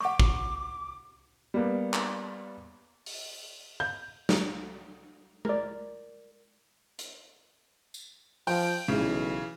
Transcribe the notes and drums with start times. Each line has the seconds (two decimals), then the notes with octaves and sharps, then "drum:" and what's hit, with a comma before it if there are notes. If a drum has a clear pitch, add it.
0.01 F#5 C#6 D6
0.20 drum: kick
1.54 G3 A#3 B3
1.94 drum: clap
3.06 drum: open hi-hat
3.80 G6
4.29 drum: snare
5.45 A#4 D5, drum: tom G#3
6.99 drum: hi-hat
7.94 drum: tambourine
8.47 F3 G5, drum: open hi-hat
8.88 B1 C#3 E3, drum: tom G#3